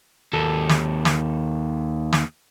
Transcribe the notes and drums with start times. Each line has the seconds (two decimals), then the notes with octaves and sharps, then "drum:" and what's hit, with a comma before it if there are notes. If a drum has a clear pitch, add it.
0.34 D#2 A4
0.69 drum: snare
1.05 drum: snare
2.12 drum: snare